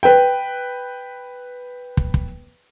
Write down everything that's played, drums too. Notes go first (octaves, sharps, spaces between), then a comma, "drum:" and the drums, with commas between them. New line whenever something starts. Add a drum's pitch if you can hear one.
B4 G5
drum: kick
drum: kick